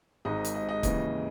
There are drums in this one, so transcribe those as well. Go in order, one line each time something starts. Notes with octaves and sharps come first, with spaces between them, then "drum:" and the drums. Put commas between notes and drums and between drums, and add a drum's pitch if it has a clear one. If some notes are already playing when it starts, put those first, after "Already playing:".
G#1 G#2 D#3 D#5
drum: hi-hat
D#5
D#5
D#2 C#3 E3, drum: kick, hi-hat